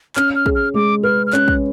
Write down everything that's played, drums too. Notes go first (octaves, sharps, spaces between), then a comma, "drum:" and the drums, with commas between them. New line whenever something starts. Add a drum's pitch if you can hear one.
C#4 F6, drum: clap
F6
G#4, drum: kick
F6
G#3 D6
B4 F6
F6
C#4 F#6, drum: clap
drum: kick